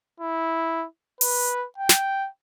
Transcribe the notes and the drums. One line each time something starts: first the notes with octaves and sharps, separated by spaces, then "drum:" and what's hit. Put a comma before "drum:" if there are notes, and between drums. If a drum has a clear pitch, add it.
E4
B4, drum: open hi-hat
G5
drum: snare